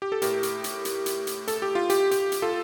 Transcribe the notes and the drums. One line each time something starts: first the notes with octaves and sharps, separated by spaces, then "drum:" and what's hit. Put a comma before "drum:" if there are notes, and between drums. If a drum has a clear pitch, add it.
G4
A4
A2 G4 A#4, drum: hi-hat
drum: hi-hat
drum: hi-hat
drum: hi-hat
drum: hi-hat
drum: hi-hat
A4, drum: hi-hat
G4
F4
G4, drum: hi-hat
G4, drum: hi-hat
drum: hi-hat
F4 A4